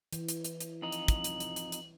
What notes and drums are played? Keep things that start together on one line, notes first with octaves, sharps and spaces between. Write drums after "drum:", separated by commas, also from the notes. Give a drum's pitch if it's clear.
E3, drum: hi-hat
drum: hi-hat
drum: hi-hat
drum: hi-hat
F2 D#4 F#7
drum: hi-hat
drum: kick, hi-hat
drum: hi-hat
drum: hi-hat
drum: hi-hat
drum: hi-hat